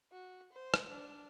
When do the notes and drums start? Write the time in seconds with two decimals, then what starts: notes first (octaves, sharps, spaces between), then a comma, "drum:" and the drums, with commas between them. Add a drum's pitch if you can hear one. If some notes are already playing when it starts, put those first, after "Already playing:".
0.12 F#4
0.53 C5
0.74 drum: rim click
0.90 D4